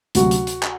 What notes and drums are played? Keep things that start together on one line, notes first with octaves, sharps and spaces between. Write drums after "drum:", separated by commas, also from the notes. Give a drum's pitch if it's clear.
D2 C3 F#3 F#4, drum: hi-hat
drum: hi-hat
drum: hi-hat
drum: clap